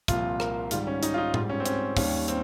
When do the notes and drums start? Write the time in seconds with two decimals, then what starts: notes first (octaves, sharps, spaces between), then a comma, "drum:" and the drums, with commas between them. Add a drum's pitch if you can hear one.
0.08 C2 A#2 F3 F4, drum: kick, hi-hat
0.40 A#4, drum: rim click
0.71 G#2 D#3 G3 F4, drum: hi-hat
0.87 C#4
1.03 D#4, drum: hi-hat
1.14 F4
1.18 D#4
1.34 G#2 G3 F4, drum: tom A2
1.49 C#4
1.60 C4
1.66 C#4, drum: hi-hat
1.97 D#2 D#3 G3 C#4, drum: kick, open hi-hat
2.28 C4, drum: hi-hat